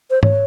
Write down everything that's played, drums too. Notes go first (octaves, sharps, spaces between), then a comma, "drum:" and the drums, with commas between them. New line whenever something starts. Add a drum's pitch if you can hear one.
C5
C#5, drum: tom G#2